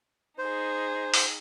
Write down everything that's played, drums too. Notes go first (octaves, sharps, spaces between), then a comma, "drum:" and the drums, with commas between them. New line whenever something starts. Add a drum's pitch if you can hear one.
D#4 G#4 C5
drum: open hi-hat